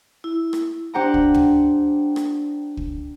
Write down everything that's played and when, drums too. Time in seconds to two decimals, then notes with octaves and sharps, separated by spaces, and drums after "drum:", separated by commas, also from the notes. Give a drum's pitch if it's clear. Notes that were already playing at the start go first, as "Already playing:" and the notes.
0.24 E4
0.53 drum: rim click
0.94 D4 G4 C5 F#5 G5 A#5
1.14 drum: kick
1.34 drum: tom
2.16 drum: rim click
2.77 drum: kick